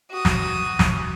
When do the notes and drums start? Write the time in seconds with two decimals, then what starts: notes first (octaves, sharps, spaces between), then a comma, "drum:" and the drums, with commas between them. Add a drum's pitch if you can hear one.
0.11 F#4 D#6
0.25 drum: snare
0.79 drum: snare